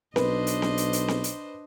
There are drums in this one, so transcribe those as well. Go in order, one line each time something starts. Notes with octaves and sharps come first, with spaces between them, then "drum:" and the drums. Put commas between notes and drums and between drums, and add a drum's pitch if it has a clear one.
B1 D4 B4 C5 D#5, drum: snare C4
drum: hi-hat
drum: snare C4
drum: hi-hat
drum: hi-hat
drum: snare C4
drum: hi-hat